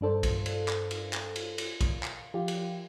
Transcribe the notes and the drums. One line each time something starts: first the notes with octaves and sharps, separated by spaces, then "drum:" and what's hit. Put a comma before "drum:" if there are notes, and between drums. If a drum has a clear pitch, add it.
G2 D4 A4 C5
drum: kick, cymbal
drum: cymbal
drum: clap
drum: cymbal
drum: clap
drum: cymbal
drum: cymbal
drum: kick, cymbal
drum: clap
F3 F4 G4
drum: cymbal